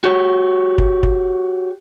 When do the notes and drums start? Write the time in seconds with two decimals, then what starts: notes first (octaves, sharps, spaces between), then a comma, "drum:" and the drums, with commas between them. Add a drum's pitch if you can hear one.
0.04 F#4 G4 C#5
0.78 drum: kick
1.03 drum: kick